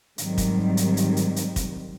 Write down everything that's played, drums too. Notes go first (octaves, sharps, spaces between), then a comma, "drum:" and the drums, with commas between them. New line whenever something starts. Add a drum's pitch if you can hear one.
G#2 D#3 F#3 G3 C4, drum: hi-hat
drum: kick, hi-hat
drum: hi-hat
drum: hi-hat
drum: hi-hat
drum: hi-hat
drum: kick, hi-hat